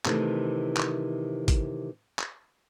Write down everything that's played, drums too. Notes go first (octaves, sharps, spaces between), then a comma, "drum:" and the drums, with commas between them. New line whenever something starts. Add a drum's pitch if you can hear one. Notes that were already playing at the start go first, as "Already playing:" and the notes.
C3 D#3 E3 A3, drum: clap
drum: clap
drum: kick, hi-hat
drum: clap